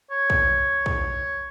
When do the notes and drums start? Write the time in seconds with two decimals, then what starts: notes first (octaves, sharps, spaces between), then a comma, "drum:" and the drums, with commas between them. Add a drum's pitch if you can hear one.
0.11 C#5
0.30 drum: kick
0.86 drum: kick